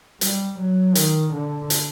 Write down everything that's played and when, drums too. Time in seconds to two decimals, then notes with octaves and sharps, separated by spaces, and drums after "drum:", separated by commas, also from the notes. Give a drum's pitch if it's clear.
0.21 G3, drum: hi-hat
0.59 F#3
0.95 D#3, drum: hi-hat
1.33 D3
1.70 drum: hi-hat